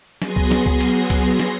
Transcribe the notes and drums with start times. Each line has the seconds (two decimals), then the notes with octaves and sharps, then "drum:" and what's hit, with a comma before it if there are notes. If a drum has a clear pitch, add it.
0.22 F#3 B3 G#4 G#5 C6 A#6, drum: snare
0.36 drum: kick C2
0.51 drum: snare
0.66 drum: kick C2
0.81 drum: cymbal
1.10 drum: kick C2, cymbal
1.40 drum: snare